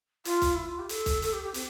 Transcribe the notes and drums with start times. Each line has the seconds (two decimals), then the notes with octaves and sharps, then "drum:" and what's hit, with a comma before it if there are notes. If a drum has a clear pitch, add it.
0.25 F4, drum: hi-hat
0.42 drum: kick, hi-hat
0.54 E4
0.66 F4
0.79 G4
0.89 A4, drum: hi-hat
1.06 drum: kick, hi-hat
1.22 A4, drum: hi-hat
1.33 G4
1.44 G4
1.54 C4, drum: hi-hat